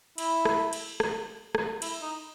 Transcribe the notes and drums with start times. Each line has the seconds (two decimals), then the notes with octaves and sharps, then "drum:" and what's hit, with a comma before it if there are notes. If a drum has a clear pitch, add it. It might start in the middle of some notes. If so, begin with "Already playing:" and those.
0.18 E4, drum: cymbal
0.45 drum: rim click
0.73 drum: cymbal
1.00 drum: rim click
1.55 drum: rim click
1.82 E4, drum: cymbal
2.02 D#4